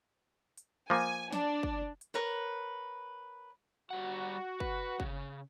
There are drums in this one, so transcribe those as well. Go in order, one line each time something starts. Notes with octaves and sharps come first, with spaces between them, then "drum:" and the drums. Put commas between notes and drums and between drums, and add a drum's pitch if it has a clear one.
drum: hi-hat
F3 A#3 G#5
D4, drum: snare
drum: kick
drum: hi-hat
A#4 B4 C#5
G3 F#4 F#5
B4, drum: kick
C#3, drum: kick